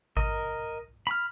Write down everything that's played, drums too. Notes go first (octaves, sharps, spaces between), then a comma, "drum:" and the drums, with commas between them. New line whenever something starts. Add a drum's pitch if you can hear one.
A#4 D#5, drum: kick G#1
B5 F6